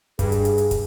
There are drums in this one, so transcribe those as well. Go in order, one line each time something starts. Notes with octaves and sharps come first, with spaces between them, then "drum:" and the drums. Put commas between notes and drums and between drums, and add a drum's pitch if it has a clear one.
G2 G#4, drum: kick, hi-hat
drum: hi-hat
drum: hi-hat
drum: hi-hat
drum: kick, hi-hat